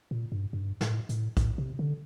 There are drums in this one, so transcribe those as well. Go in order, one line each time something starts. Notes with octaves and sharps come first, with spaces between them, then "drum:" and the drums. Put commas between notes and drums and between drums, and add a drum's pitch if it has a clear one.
A#2
G2
G2
A2, drum: snare
A2, drum: hi-hat
A2, drum: kick, hi-hat
C3
D3